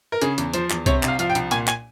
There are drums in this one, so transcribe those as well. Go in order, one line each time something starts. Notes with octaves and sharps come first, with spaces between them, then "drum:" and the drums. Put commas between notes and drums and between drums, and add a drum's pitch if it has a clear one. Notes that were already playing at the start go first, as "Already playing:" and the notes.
A#4
C#3 G#4, drum: hi-hat
E2, drum: hi-hat
F3 C5, drum: hi-hat
E2, drum: clap
C3 C#5, drum: kick C2, hi-hat
C2 F5, drum: clap
F3 F5, drum: hi-hat
G5
C2, drum: hi-hat
A#2 G#5, drum: hi-hat
G#5, drum: clap